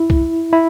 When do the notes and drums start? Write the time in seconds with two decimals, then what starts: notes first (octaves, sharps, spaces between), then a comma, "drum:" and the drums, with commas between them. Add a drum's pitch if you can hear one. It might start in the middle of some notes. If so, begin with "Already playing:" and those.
Already playing: E4
0.10 drum: kick C2
0.53 E4